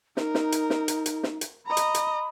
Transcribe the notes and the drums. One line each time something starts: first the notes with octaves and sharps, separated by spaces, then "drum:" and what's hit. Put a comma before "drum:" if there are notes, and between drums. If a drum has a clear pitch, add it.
D#4 A#4, drum: snare
drum: snare
drum: hi-hat
drum: snare
drum: hi-hat
drum: hi-hat
drum: snare
drum: hi-hat
D#5 A#5 B5
drum: hi-hat
drum: hi-hat